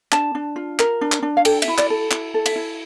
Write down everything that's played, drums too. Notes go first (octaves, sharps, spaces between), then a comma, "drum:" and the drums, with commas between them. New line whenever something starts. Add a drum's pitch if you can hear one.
D4 A5, drum: clap
D4
F4
A#4, drum: clap
D4
drum: clap
D4
F5
A4 G5, drum: cymbal
E5, drum: cymbal
E4
D5, drum: clap
A4
E4, drum: clap
A4
E5, drum: cymbal
E4